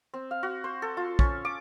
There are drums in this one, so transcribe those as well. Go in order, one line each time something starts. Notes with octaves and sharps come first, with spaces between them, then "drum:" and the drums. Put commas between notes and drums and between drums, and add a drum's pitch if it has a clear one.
C4
F5
F#4
C5
A4
F4
C#4, drum: kick
D6